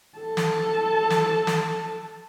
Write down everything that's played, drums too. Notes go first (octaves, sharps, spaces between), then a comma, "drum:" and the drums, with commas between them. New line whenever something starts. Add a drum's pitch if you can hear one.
A4 A5
drum: snare
drum: snare
drum: snare